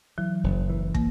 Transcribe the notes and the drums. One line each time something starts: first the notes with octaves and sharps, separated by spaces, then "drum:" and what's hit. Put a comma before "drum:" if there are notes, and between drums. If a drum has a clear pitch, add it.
E3 F#3
F#1
E3
A#3, drum: kick